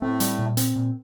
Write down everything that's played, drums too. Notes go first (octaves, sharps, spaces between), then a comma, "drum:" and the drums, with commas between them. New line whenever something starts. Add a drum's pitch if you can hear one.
A2 A3 C4
G3, drum: hi-hat
A#2
C4, drum: hi-hat
A#2